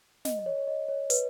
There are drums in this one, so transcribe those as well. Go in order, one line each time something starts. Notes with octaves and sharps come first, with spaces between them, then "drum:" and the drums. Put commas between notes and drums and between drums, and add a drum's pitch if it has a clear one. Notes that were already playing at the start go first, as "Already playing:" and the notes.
D#5, drum: snare
D#5
C#5
C#5
D#5
C#5
B4, drum: hi-hat